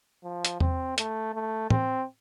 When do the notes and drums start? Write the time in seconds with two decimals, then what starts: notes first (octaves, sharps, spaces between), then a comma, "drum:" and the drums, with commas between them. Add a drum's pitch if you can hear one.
0.24 F3
0.45 drum: hi-hat
0.60 C4, drum: tom E2
0.98 A3, drum: hi-hat
1.34 A3
1.70 C4, drum: tom